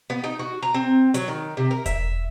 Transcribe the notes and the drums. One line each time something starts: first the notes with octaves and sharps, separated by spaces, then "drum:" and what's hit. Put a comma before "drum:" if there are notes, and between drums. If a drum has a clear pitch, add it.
B3
D#4
F#4
A#5
C4
F#3, drum: hi-hat
D#3
C3
A#4
E5, drum: kick E1, hi-hat